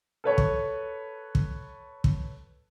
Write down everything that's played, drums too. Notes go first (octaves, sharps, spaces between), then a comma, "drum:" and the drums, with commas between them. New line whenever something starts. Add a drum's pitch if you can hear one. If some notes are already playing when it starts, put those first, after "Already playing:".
A4 B4 C#5
drum: kick
drum: kick
drum: kick